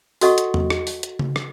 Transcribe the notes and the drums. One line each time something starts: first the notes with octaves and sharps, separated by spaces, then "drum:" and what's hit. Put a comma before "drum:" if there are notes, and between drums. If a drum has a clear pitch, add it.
F#4 A4 D#5 F#5 C#6, drum: open hi-hat
drum: hi-hat
drum: tom E2
drum: rim click
drum: open hi-hat
drum: hi-hat
drum: tom C#3
drum: rim click